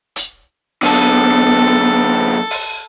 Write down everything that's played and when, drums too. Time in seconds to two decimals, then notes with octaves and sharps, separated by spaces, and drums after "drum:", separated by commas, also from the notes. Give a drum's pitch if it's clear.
0.16 drum: hi-hat
0.82 F#2 D3 B3 A4, drum: open hi-hat
2.51 drum: open hi-hat